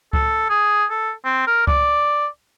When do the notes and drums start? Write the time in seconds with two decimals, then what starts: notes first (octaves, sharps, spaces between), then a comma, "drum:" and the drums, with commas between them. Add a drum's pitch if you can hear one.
0.13 A4, drum: kick C#2
0.49 G#4
0.90 A4
1.25 C4
1.47 A#4
1.67 D5, drum: kick C#2